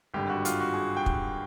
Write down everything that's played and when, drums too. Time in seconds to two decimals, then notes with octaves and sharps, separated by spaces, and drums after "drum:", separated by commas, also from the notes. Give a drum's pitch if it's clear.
0.14 G#1 G2 D3 G4
0.30 F#4
0.45 F4, drum: hi-hat
0.60 F#4
0.73 G#4
0.97 G5
1.06 drum: kick